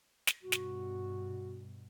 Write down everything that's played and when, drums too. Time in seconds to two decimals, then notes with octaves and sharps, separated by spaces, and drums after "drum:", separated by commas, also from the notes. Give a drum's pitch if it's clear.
0.27 drum: snare
0.43 G2 B2 F#4
0.52 drum: snare